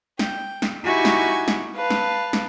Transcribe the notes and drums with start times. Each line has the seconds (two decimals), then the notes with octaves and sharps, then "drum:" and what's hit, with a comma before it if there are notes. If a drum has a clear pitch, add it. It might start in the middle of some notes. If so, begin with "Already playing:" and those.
0.19 G5, drum: snare
0.62 drum: snare
0.84 D#4 E4 F#4 G4 G#5 C#6
1.05 drum: snare
1.48 drum: snare
1.76 B4 F5 A5
1.90 drum: snare
2.33 drum: snare